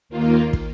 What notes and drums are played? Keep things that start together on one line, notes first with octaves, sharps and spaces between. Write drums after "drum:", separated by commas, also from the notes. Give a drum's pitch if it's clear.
D#2 D#3 A#3 F4
drum: kick